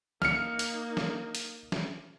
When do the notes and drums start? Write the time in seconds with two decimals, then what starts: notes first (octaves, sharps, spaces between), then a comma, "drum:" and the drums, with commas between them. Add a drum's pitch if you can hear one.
0.22 A#3 D#4 F6 C#7, drum: snare
0.59 drum: hi-hat
0.97 drum: snare
1.35 drum: hi-hat
1.72 drum: snare